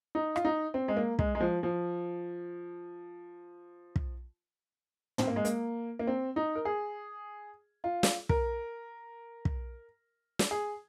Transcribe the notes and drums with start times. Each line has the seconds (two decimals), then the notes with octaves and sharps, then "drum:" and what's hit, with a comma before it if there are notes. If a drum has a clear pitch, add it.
0.15 D#4
0.36 F4, drum: rim click
0.45 D#4
0.74 C4
0.88 G#3
0.97 A#3
1.19 G#3, drum: kick
1.35 G#3
1.41 F3
1.63 F3
3.96 drum: kick
5.18 C4, drum: tom
5.27 A#3
5.36 G#3
5.45 A#3, drum: hi-hat
5.99 A#3
6.07 C4
6.36 D#4
6.55 A#4
6.65 G#4
7.84 F4
8.03 drum: snare
8.29 A#4, drum: kick
9.45 drum: kick
10.39 drum: snare
10.51 G#4